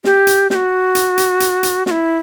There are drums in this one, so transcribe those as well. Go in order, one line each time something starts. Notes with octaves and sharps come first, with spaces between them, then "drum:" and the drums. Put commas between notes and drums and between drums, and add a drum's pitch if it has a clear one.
G4, drum: snare
drum: hi-hat
G4, drum: snare
F#4
drum: hi-hat
drum: hi-hat
drum: hi-hat
drum: hi-hat
F#4, drum: snare
E4